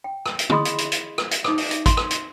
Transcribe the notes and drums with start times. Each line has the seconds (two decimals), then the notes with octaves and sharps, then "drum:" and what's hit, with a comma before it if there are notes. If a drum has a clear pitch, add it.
0.04 G5
0.26 drum: rim click
0.39 drum: hi-hat
0.50 E4 G#4 D#5 B5 C6 D#6, drum: tom
0.65 drum: hi-hat
0.78 drum: hi-hat
0.92 drum: hi-hat
1.18 drum: rim click
1.31 drum: hi-hat
1.44 D#4 D6 D#6, drum: rim click
1.58 drum: open hi-hat
1.71 drum: hi-hat
1.86 C6, drum: kick, hi-hat
1.97 drum: rim click
2.10 drum: hi-hat